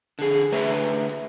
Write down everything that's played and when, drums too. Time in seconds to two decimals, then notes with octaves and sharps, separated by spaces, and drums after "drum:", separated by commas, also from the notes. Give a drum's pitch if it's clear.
0.19 D3 G#4, drum: hi-hat
0.41 drum: hi-hat
0.52 D3 A3 B4 C#5 E5 A#5
0.64 drum: open hi-hat
0.87 drum: hi-hat
1.09 drum: hi-hat